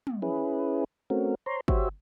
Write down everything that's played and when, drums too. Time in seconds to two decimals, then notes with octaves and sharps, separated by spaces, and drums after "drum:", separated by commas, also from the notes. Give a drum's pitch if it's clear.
0.07 drum: tom
0.22 C#4 E4 G#4 B4
1.10 A3 C4 C#4 F#4 A#4
1.46 C5 C#5 A#5 C6
1.68 F#4 G4 C5 C#5 E5, drum: kick